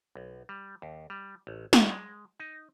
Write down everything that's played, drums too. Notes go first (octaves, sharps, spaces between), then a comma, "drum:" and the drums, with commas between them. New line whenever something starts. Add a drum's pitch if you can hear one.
B1
G3
D#2
G3
A1
E2, drum: snare
G#3
D#4